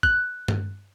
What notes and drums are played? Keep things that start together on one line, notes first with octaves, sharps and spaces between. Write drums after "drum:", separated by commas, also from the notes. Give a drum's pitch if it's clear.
F#6, drum: kick
drum: tom G2